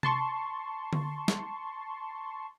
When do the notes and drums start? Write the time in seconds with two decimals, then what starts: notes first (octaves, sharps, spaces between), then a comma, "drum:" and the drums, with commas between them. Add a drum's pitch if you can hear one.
0.03 A5 C6 C#6, drum: tom C3
0.93 drum: tom D3
1.28 drum: snare